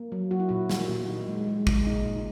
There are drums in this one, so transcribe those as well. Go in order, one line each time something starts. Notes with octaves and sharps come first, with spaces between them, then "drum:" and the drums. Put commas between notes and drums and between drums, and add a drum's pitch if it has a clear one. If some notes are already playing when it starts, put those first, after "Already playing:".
Already playing: A#3
F#3
F#3 F#4
E4
A#2 F#4
A#3, drum: snare
A#2
A#2 D#4
G#3
G#3
G#3, drum: kick
A#2 D#4
A#2